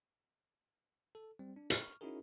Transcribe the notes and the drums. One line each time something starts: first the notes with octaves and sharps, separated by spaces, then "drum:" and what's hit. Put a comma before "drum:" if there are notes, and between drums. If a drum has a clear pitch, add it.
A4
G3 C4
D4
C#6 F6, drum: hi-hat
C#4 D#4 E4 F#4 G#4 A#4